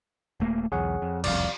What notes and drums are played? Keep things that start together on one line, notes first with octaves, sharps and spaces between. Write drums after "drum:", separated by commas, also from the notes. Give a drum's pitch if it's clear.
D#1 A3 A#3
B1 E2 G#4 C#5 F#5
F2
E1 C2 F2 D5 F5, drum: cymbal